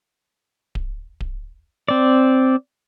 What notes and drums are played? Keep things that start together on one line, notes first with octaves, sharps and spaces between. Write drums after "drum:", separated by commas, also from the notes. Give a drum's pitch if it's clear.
drum: kick D1
drum: kick D1
C4 D5